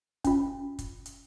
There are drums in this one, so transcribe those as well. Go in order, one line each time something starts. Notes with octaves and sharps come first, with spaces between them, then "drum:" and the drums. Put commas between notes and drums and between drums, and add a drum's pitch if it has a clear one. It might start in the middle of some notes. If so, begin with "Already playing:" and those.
C#4 F4, drum: kick, hi-hat
drum: kick, hi-hat
drum: hi-hat